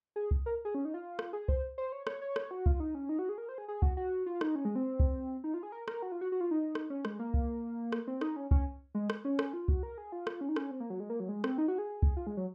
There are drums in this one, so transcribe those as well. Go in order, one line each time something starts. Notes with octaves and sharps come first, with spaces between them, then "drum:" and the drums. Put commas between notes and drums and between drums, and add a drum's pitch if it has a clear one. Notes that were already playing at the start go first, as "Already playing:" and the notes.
G#4
drum: kick
A#4
G#4
C#4
D#4
F4
drum: rim click
G#4
C5, drum: kick
C5
C#5
C#5, drum: rim click
C#5
drum: rim click
F#4
F4, drum: kick
D#4
C#4
D#4
F#4
G#4
A#4
C5
G#4
G#4
F#4, drum: kick
F#4
F4
D#4, drum: rim click
C#4
G#3
C4
drum: kick
D#4
F4
G#4
A#4
A#4, drum: rim click
F#4
F4
F#4
F#4
F4
D#4
drum: rim click
C#4
G#3, drum: rim click
A#3
drum: kick
drum: rim click
C4
D#4, drum: rim click
C#4
C#4, drum: kick
G#3
drum: rim click
C#4
drum: rim click
F4
F#4, drum: kick
A#4
G#4
F4
drum: rim click
C#4
D#4
C#4, drum: rim click
C4
A#3
F#3
G#3
A#3
F#3
G#3
C4, drum: rim click
D#4
F#4
G#4
drum: kick
F4
G#3
F#3